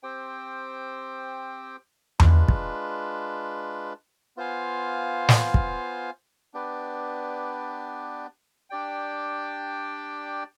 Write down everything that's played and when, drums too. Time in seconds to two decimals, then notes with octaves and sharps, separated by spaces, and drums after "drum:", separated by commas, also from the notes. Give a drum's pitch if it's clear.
0.03 C4 G4 C5 G5
2.20 G#3 D4 F4 B4, drum: tom E2
2.49 drum: kick
4.37 B3 F4 C5 F5 G#5
5.29 drum: snare
5.54 drum: kick
6.54 B3 D4 G4 B4 D5
8.70 D4 G4 D5 G5